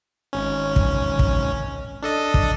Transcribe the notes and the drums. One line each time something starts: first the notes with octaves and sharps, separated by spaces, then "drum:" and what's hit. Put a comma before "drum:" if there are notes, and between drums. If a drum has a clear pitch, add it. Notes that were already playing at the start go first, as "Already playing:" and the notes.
G#1 C#4
drum: kick
drum: kick
D4 A4 D#5
drum: kick